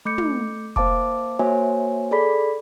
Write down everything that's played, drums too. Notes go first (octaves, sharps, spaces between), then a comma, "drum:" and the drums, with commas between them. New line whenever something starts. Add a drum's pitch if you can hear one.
A3 D6 G6 C#7
drum: tom
A#3 C5 F5 A5 D6, drum: kick F1
A#3 F#4 C5 C#5 E5 G#5
G#4 A4 D5 B5 B6